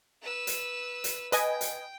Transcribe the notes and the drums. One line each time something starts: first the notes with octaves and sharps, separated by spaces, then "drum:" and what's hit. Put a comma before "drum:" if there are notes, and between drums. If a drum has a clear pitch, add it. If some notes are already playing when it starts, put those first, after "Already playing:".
B4 E6
drum: hi-hat
drum: hi-hat
B4 D#5 G5 G#5, drum: hi-hat
drum: hi-hat